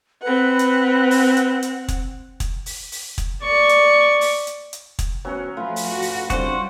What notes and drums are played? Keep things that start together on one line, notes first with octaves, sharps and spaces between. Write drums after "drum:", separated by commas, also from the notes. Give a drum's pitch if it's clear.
C4 B4 F#5
drum: hi-hat
drum: open hi-hat
drum: hi-hat
drum: hi-hat
drum: kick, hi-hat
drum: kick, hi-hat
drum: open hi-hat
drum: open hi-hat
drum: kick, hi-hat
D5 C#6
drum: hi-hat
drum: open hi-hat
drum: hi-hat
drum: hi-hat
drum: kick, hi-hat
D2 F#3 B3 C#4 F#4
F3 A3 F4 B4
drum: open hi-hat
F#4
drum: open hi-hat
C#3 G3 C4 D4 F#4 C5, drum: kick, hi-hat